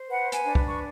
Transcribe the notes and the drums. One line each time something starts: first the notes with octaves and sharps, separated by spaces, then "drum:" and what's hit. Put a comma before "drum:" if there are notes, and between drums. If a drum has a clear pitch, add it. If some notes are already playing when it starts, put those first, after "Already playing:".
Already playing: C5
B4 F#5
G#5, drum: hi-hat
D4
drum: kick
C#6